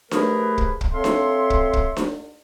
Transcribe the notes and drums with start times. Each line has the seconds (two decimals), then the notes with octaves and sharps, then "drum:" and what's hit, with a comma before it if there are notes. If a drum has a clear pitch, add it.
0.11 F3 A3 G4 G#4 A#4 B4, drum: snare D4
0.58 drum: kick
0.81 drum: kick
0.93 C4 A4 C#5 E5 F5 C6
1.04 drum: snare D4
1.50 drum: kick
1.73 drum: kick
1.97 drum: snare D4